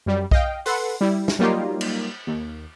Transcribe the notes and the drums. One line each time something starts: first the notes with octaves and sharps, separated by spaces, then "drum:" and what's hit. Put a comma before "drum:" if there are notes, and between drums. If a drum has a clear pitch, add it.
F#2 G3
D#5 F5 G5, drum: kick B1
A4 B4 F#5 C6, drum: open hi-hat
G3 E4
drum: snare
F#3 G3 A#3 D#4 F4 G4
drum: cymbal
D#2